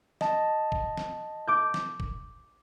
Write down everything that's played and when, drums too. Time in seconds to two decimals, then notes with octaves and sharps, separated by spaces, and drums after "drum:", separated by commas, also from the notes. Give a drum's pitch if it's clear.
0.21 D#5 A5, drum: snare
0.72 drum: kick
0.97 drum: snare
1.48 D6 G6
1.74 drum: snare
2.00 drum: kick